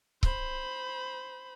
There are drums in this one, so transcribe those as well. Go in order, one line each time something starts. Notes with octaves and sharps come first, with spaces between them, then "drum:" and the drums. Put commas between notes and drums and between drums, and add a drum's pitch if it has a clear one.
C5 B5, drum: kick C#1